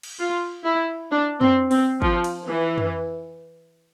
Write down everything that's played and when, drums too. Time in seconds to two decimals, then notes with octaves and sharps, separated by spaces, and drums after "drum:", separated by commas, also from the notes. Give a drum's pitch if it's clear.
0.03 drum: cymbal
0.19 F4
0.64 E4
1.11 D4
1.41 C4, drum: tom
1.71 C4, drum: open hi-hat
2.02 F3, drum: kick
2.24 drum: cymbal
2.47 E3
2.78 drum: tom